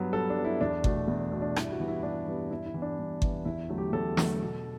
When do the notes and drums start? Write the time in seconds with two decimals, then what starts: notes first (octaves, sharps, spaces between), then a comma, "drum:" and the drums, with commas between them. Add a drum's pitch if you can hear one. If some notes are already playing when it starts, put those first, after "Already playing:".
Already playing: G2 F#3 B3
0.13 G2 A4
0.30 D4
0.37 F#3 B3
0.44 E4
0.61 E2 D4
0.84 B2 A3, drum: kick G1
1.08 E2
1.32 B2 A3
1.42 D4
1.56 G2 E4, drum: rim click
1.72 F#4
1.80 E3 G3 B3
1.88 E4
2.03 G2 D4
2.27 E3 G3 B3
2.51 G2 E4
2.66 E4
2.74 E3 B3
2.82 D4
2.98 G2
3.22 E3 B3, drum: kick G1
3.45 E2 E4
3.69 D3 F#3 A3
3.78 G4
3.93 E2 A4
4.17 D3 F#3 A3, drum: snare
4.41 B2